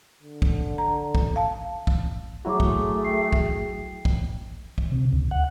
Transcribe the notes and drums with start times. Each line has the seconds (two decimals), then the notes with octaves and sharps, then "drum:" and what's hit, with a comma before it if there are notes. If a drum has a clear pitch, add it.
0.22 D3
0.42 drum: kick
0.78 A#5
1.15 drum: kick
1.36 F5 A5
1.87 drum: kick
2.45 F#3 A3 E4 F#4 G#4 A#5 C#6 D6
2.60 drum: kick
3.04 G5 C7
3.33 drum: kick
4.05 drum: kick
4.78 drum: kick
4.92 C3
5.13 D2
5.31 F#5